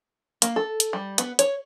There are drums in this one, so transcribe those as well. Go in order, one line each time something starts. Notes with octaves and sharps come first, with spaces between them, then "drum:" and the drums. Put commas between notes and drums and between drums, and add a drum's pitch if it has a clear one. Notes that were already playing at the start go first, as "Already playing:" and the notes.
A#3, drum: hi-hat
A4
drum: hi-hat
G3
B3, drum: hi-hat
C#5, drum: hi-hat